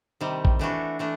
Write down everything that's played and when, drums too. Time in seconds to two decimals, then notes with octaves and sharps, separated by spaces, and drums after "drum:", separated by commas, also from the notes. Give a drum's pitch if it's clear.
0.21 C3 D#3 G3
0.45 drum: kick
0.59 E3 A3 D4 F#4
0.99 E3 A3 D4